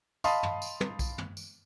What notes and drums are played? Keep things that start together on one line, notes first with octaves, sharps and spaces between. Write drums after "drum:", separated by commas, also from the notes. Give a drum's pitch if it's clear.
D#5 F5 A5 B5 C6 D#6, drum: tambourine
drum: tom
drum: tambourine
drum: tom
drum: kick B1, tambourine
drum: tom
drum: tambourine